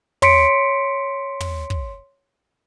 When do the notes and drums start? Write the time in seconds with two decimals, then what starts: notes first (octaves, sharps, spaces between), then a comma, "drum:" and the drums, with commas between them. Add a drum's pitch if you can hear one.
0.22 C#5 C6 B6 C#7 D7, drum: tom
1.40 drum: tom
1.70 drum: kick